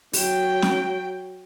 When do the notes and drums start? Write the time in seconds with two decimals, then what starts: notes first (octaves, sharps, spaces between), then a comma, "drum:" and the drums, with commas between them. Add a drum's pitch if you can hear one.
0.13 F#3 G5, drum: open hi-hat
0.62 drum: snare